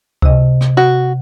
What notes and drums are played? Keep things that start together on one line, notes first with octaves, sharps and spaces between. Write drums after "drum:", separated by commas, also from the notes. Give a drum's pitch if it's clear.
C3 D#5, drum: kick C#2
drum: rim click
F#4